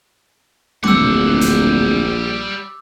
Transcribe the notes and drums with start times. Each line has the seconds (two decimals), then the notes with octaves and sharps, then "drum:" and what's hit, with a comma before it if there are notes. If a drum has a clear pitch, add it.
0.84 D1 A#1 G3 F#5 D6 E6, drum: tom
1.41 drum: hi-hat